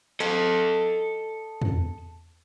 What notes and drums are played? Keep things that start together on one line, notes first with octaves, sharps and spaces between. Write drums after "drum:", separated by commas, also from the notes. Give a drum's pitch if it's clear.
A4 D#5, drum: hi-hat
drum: tom